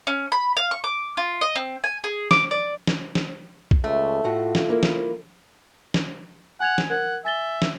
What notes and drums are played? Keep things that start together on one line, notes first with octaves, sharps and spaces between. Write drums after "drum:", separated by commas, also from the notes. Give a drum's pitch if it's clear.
C#4
B5
F5
C#6
D6
F4
D#5
C4
G#5
G#4
D6, drum: snare
D5
drum: snare
drum: snare
drum: kick B1
C#2 A3
A2 F4 F#4 F#5
drum: snare
A#3 E4 A#4
drum: snare
drum: snare
F#5 G#5 G#6 F7
drum: snare
A#4 F#5 G#6
E5 G#5 A6 G7
drum: snare